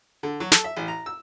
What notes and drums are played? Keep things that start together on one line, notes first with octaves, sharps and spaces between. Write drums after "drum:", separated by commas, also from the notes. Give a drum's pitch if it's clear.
D3
F#3
A4, drum: snare
E5
A1
A#5
E6